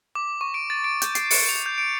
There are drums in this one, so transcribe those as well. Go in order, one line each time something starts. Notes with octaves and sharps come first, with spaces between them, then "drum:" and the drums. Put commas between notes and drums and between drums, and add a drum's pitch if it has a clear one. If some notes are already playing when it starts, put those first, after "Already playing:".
D6
C#6
D7
A6
D7
G6, drum: hi-hat
C7, drum: hi-hat
C#7, drum: open hi-hat
F7
G6
D7